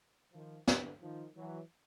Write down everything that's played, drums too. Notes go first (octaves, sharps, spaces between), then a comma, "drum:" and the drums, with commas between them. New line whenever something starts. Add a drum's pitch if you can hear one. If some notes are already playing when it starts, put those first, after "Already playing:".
D#3 F3
D3 E3, drum: snare
D#3 F3
E3 F#3